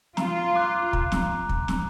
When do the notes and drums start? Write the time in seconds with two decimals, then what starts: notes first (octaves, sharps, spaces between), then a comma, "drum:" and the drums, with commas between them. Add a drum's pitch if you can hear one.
0.17 F4 A#5, drum: snare
0.56 D6 F#6
0.93 A#5, drum: kick
1.12 drum: snare
1.49 drum: kick
1.68 drum: snare